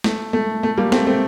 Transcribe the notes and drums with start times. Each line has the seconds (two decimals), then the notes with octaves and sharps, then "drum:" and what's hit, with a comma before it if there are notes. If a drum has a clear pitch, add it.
0.04 A3, drum: snare
0.33 A3
0.63 A3
0.77 G3 A#3
0.92 A3 C4, drum: snare
1.07 A3 C4